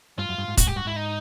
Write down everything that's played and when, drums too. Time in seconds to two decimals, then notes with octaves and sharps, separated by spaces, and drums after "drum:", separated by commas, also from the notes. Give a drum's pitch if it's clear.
0.18 G2 F4
0.29 F#2
0.38 G2
0.48 G#2
0.57 A2 F#4, drum: kick, hi-hat
0.66 G#2 G4
0.76 G2 F#4
0.85 G#2 E4
0.96 D#4